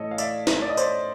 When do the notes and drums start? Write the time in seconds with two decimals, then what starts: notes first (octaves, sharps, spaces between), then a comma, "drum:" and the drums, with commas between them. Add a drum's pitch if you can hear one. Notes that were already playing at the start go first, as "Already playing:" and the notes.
Already playing: A2 E3 A3 A4 C#5 D#5
0.11 F5
0.18 D5 E5, drum: tambourine
0.47 drum: snare
0.62 D5
0.70 D#5
0.77 C5 D5, drum: tambourine